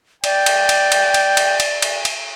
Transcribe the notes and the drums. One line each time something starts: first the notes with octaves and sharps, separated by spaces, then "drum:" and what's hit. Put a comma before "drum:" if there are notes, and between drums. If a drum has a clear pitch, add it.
D5 G5, drum: cymbal
drum: cymbal
drum: cymbal
drum: cymbal
drum: cymbal
drum: cymbal
drum: cymbal
drum: cymbal
drum: cymbal